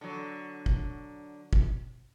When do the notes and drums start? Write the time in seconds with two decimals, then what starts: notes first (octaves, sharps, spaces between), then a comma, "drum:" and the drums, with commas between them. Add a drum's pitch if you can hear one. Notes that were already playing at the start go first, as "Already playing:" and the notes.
0.01 D3 F#3
0.66 drum: kick
1.53 drum: kick